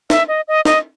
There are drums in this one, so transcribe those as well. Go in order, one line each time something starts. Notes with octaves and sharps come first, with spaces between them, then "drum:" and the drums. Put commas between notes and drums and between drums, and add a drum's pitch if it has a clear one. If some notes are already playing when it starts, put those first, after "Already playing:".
E5, drum: snare
D#5
D#5
D#5, drum: snare